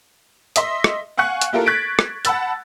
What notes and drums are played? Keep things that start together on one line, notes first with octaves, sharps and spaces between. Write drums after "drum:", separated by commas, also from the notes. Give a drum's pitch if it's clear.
D#5 E5 C6, drum: hi-hat
drum: rim click
F5 F#5 G#5 C#6 F#6 C#7
drum: hi-hat
A#3 E4 F4 G4 A4 A#4
C#6 F#6 G#6 A6 B6 D7
drum: rim click
F#5 A5 B5 E6 A6, drum: hi-hat